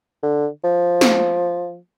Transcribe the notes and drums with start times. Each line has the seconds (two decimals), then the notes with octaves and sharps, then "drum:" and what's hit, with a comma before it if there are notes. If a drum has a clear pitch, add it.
0.23 D3
0.64 F3
1.01 drum: snare